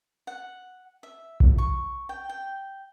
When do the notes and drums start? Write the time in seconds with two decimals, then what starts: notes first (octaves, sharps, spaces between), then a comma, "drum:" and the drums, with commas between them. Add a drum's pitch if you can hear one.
0.27 F#5
1.03 E5
1.40 drum: kick B1
1.58 C#6
2.09 G5
2.29 G5